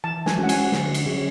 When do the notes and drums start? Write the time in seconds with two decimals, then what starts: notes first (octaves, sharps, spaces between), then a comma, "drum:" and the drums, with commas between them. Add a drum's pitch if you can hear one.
0.04 E3 A5
0.26 G#5, drum: snare
0.37 G#3 C#4 F#4
0.43 F#5
0.49 G#5, drum: cymbal
0.72 D3, drum: snare
0.94 drum: cymbal
1.06 F#3 C#4 G#4